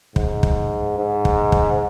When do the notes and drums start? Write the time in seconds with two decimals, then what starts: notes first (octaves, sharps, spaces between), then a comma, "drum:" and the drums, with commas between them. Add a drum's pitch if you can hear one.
0.16 G#2, drum: kick
0.43 drum: kick
0.98 G#2
1.25 drum: kick
1.52 drum: kick